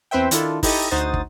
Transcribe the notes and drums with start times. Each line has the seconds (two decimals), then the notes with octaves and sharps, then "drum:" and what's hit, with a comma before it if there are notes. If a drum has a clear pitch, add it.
0.11 E2 C4 B4 C5 E5 G5
0.31 D#3 D4 E4 F4 A4, drum: hi-hat
0.63 D#4 E4 G4 A4 D#5, drum: kick, open hi-hat
0.91 D2 D#4 F#4 C5 D#6 A6
1.14 drum: kick